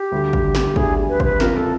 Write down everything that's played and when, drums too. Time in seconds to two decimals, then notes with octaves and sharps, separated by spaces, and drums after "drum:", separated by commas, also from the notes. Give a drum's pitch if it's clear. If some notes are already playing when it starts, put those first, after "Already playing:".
Already playing: G4
0.11 D2 D3 G3
0.33 drum: kick
0.55 drum: snare
0.76 D2 D3 G3 G#4, drum: kick
1.09 B4
1.20 C5, drum: kick
1.24 B4
1.40 F2 C#3 F3 A#4, drum: snare
1.56 A4